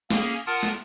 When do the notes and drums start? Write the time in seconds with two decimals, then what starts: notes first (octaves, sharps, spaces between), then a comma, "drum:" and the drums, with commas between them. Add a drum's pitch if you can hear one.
0.10 A#3 C#4 G#4, drum: snare
0.24 drum: hi-hat
0.37 drum: hi-hat
0.47 F4 A#4 F#5 A5 D#6 F6
0.63 drum: snare